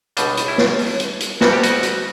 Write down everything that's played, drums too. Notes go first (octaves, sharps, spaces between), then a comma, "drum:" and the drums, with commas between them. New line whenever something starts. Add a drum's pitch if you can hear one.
C#2 B2 G3 D4, drum: hi-hat
drum: hi-hat
E4
drum: snare
drum: open hi-hat
drum: hi-hat
drum: hi-hat
D2 C#3 G3 F#4, drum: snare
G4
F#4, drum: hi-hat
drum: hi-hat